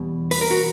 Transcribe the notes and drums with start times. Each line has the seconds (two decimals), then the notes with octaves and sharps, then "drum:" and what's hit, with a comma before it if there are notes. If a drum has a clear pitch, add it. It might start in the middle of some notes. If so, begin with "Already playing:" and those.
Already playing: E2 B2 G3
0.31 B4, drum: open hi-hat
0.41 A#4
0.51 F#4